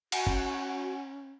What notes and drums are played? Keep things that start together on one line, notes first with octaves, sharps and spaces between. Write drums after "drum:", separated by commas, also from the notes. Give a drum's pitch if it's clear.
F#4 F#5 G#5, drum: cymbal
C#4, drum: kick